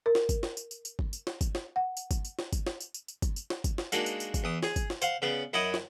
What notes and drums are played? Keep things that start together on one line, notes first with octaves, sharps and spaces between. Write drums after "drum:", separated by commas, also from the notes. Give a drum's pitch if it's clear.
A#4
drum: snare
drum: kick G1, tambourine
drum: snare
drum: tambourine
drum: tambourine
drum: tambourine
drum: kick G1
drum: tambourine
drum: snare
drum: kick G1, tambourine
drum: snare
F#5
drum: tambourine
drum: kick G1, tambourine
drum: tambourine
drum: snare
drum: kick G1, tambourine
drum: snare
drum: tambourine
drum: tambourine
drum: tambourine
drum: kick G1, tambourine
drum: tambourine
drum: snare
drum: kick G1, tambourine
drum: snare
G#3 A#3 D4 D#4 F#4, drum: tambourine
drum: tambourine
drum: tambourine
drum: kick G1, tambourine
E2 D#6
G#4 G#5, drum: snare
drum: kick G1, tambourine
drum: snare
C5 F5 F#5, drum: tambourine
C#3 B3 D5
F#2 E4 D#5 F#5 G#5 D#6
drum: snare